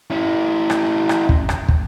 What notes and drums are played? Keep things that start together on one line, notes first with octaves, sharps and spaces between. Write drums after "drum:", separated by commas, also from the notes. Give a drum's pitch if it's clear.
C#4 E4
drum: rim click
drum: rim click
drum: kick
drum: rim click
drum: kick